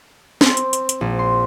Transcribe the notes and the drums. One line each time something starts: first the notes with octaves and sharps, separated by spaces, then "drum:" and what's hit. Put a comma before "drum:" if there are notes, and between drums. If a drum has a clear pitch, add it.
C4, drum: snare
drum: hi-hat
drum: hi-hat
drum: hi-hat
A#1
C6